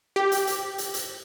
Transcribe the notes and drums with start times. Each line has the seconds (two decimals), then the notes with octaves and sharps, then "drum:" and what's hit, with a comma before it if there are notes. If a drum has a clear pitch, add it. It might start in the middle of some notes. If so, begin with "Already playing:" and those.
0.16 G4
0.32 drum: hi-hat
0.47 drum: hi-hat
0.78 drum: hi-hat
0.94 drum: hi-hat